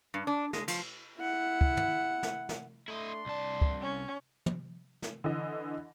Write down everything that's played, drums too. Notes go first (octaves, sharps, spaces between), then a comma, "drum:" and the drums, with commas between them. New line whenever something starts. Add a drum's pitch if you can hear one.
G2
D4
G#3, drum: snare
F3, drum: cymbal
E4 F#5
drum: kick
drum: tom
drum: snare
drum: snare
A3 D4 E4 D#5 C6
C2 D5 A5
drum: kick
C#4
drum: tom
drum: snare
D3 E3 D#5